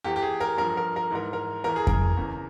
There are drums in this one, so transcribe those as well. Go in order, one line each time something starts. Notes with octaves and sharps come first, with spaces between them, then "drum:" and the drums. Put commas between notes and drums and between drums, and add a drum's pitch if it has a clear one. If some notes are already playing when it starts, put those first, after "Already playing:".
E2 E3 G4
G4
G#4
A#4
G2 F3 A#4
A#4
A#4
G#2 E3 A#4
A#4
E2 E3 A#4
G#4
A#4, drum: kick F2
E2 C#3 E3